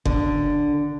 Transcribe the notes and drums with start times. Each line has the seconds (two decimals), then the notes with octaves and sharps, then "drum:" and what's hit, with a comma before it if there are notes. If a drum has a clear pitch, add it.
0.05 D3, drum: kick F#1